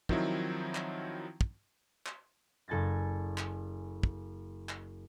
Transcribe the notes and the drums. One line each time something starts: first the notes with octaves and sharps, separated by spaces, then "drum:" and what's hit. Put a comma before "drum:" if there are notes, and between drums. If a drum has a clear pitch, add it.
D#3 F3 F#3 C4 D#4 E4, drum: kick
drum: clap
drum: kick
drum: clap
F#1 A4 G#5 A6 A#6
drum: clap
drum: kick
drum: clap